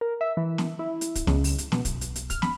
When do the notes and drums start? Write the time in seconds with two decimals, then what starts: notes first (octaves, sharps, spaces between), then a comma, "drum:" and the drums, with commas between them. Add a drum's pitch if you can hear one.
0.01 A#4
0.21 E5
0.37 E3
0.58 drum: snare
0.79 E4
1.01 drum: hi-hat
1.15 drum: kick, hi-hat
1.27 C#2, drum: snare
1.44 drum: open hi-hat
1.58 drum: hi-hat
1.72 B2, drum: snare
1.85 B1, drum: kick, hi-hat
2.01 drum: hi-hat
2.16 drum: hi-hat
2.30 F6, drum: kick, hi-hat
2.42 B5, drum: snare